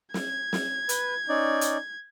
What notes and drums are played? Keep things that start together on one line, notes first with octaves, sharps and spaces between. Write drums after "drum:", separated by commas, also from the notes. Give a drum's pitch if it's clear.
G#6, drum: snare
drum: snare
B4, drum: hi-hat
C#4 D#4 D5
drum: hi-hat